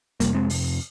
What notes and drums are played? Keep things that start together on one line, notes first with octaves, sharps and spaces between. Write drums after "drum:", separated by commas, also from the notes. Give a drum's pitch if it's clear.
F2 C3 G3 A#3, drum: kick, hi-hat
G#3 C4
drum: open hi-hat